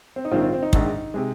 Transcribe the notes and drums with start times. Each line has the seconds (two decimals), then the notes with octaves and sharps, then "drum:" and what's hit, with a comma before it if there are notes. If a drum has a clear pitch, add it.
0.16 C4
0.25 D#4
0.31 A#1 G#2 D#3 C4 F4
0.42 C4 F4
0.53 C4
0.62 D#4
0.73 A#1 G#2 D#3, drum: kick
1.14 C3 G#3